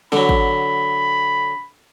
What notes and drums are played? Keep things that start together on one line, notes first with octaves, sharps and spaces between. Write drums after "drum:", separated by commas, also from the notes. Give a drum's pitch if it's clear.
D3 F#3 B5, drum: snare
drum: kick